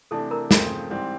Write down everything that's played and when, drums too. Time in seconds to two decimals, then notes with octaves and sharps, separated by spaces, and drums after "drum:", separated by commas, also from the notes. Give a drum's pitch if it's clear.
0.11 C3 E3 A3 D4 A4 A5
0.31 A#4 A#5
0.51 C#3 F3 A3 C4, drum: snare
0.90 G#2 E3 G3 C4